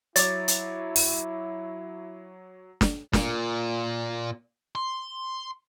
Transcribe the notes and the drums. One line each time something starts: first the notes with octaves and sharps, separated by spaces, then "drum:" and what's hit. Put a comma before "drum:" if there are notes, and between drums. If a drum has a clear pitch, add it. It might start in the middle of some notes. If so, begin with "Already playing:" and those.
F#3 E4 C#5 D6 A6, drum: hi-hat
drum: hi-hat
drum: open hi-hat
drum: snare
A#2, drum: snare
C6